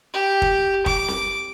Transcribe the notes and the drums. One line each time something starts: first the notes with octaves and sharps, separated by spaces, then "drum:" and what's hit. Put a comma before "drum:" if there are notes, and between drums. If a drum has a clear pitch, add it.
G4
drum: kick
D6, drum: kick
drum: snare C4